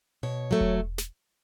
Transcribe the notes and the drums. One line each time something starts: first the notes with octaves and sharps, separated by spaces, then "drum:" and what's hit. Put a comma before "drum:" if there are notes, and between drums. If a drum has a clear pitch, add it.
B2 C#5
F#3 A3
drum: kick E1
drum: snare